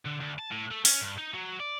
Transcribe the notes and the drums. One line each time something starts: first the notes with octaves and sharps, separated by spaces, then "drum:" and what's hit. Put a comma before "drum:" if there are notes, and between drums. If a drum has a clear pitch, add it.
D3
D2
A5
A2
A3
C#4, drum: open hi-hat
G2
D#4
F#3
D5